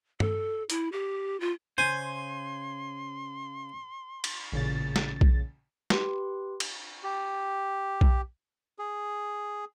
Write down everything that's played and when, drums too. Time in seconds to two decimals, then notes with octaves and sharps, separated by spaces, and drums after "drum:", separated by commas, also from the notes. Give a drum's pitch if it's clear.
0.20 A4, drum: tom G2
0.70 E4, drum: hi-hat
0.92 G4
1.40 F4
1.78 C#3 C5 G#5 C6
4.24 drum: cymbal
4.52 A1 A#2 C#3 A6
4.96 drum: snare
5.21 drum: kick B1
5.90 G4 B4 C6, drum: snare
6.60 drum: cymbal
7.04 G4
8.01 drum: kick B1
8.79 G#4